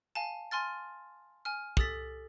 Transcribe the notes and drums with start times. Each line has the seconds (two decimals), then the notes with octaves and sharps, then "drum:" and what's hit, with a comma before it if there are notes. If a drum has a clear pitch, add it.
0.15 F5 G#5 A5
0.51 G#5 C6 F6 A6
1.45 G#5 F6
1.77 G4 A4 D#6 A6 B6, drum: kick